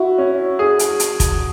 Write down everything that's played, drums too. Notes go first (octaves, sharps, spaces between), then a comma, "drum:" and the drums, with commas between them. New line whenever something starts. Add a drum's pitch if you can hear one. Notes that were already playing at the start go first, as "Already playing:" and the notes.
Already playing: E4 F#4
C#4
G#4
drum: hi-hat
drum: hi-hat
drum: kick, hi-hat